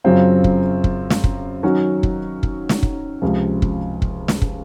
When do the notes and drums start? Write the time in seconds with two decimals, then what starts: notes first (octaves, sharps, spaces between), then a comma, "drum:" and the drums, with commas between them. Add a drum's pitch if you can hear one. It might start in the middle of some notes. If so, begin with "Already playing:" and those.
0.04 F#2 C#3 F#3 C4 F4
0.44 drum: kick
0.84 drum: kick
1.10 drum: snare
1.24 drum: kick
1.63 D#3 F#3 C#4 F#4
2.03 drum: kick
2.43 drum: kick
2.69 drum: snare
2.83 drum: kick
3.22 C#2 C3 F3
3.62 drum: kick
4.02 drum: kick
4.28 drum: snare
4.42 drum: kick